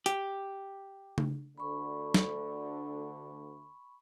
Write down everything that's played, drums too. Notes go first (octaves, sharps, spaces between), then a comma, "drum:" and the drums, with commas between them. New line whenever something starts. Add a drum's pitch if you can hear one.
G4, drum: hi-hat
drum: tom C#3
D2 D3 B5 C#6
drum: snare